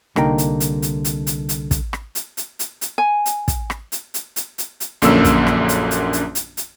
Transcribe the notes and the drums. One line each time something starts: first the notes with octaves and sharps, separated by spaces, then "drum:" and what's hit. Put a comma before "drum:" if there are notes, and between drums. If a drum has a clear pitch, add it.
C2 D3 A#3 D#4 G5 A#5, drum: rim click
drum: hi-hat
drum: hi-hat
drum: hi-hat
drum: hi-hat
drum: hi-hat
drum: hi-hat
drum: kick, hi-hat
drum: rim click
drum: hi-hat
drum: hi-hat
drum: hi-hat
drum: hi-hat
G#5
drum: hi-hat
drum: kick, hi-hat
drum: rim click
drum: hi-hat
drum: hi-hat
drum: hi-hat
drum: hi-hat
drum: hi-hat
A#1 F#2 D3 A#3 C#4 E6, drum: hi-hat
drum: kick, hi-hat
drum: rim click
drum: hi-hat
drum: hi-hat
drum: hi-hat
drum: hi-hat
drum: hi-hat